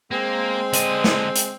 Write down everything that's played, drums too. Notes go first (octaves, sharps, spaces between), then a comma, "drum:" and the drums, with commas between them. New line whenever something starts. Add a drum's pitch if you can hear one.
G#3 A#3 C4
D3 D#5, drum: hi-hat
drum: snare
drum: hi-hat